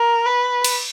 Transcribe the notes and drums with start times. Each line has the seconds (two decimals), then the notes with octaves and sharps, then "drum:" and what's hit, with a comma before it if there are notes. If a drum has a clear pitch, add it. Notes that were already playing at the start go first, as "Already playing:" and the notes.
Already playing: A#4
0.26 B4
0.64 drum: cymbal